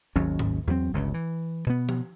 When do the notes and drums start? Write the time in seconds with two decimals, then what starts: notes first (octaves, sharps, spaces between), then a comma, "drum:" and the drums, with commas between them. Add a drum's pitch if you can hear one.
0.16 G#1 D#2 F#3 C#4
0.39 drum: tom G#2
0.67 E2 F#3 G3 C4
0.93 G1 C#2 C#3
1.14 E3
1.66 B2 B3
1.89 drum: tom F3